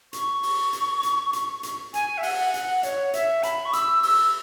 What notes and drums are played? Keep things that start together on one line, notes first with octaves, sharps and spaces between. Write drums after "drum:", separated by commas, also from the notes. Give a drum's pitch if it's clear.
C#6, drum: hi-hat
drum: open hi-hat
drum: hi-hat
drum: hi-hat
drum: hi-hat
drum: hi-hat
G#5, drum: hi-hat
E5
F#5, drum: open hi-hat
F#5, drum: hi-hat
C#5, drum: hi-hat
E5, drum: hi-hat
B5, drum: hi-hat
C#6
E6, drum: hi-hat
E6, drum: open hi-hat